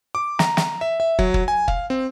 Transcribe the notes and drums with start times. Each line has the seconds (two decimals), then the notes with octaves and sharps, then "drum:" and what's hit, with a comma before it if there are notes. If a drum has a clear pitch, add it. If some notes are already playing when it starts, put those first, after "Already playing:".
0.15 D6
0.39 A#5, drum: snare
0.57 drum: snare
0.81 E5
1.00 E5
1.19 F#3, drum: kick
1.34 drum: kick
1.48 G#5
1.68 F5, drum: kick
1.90 C4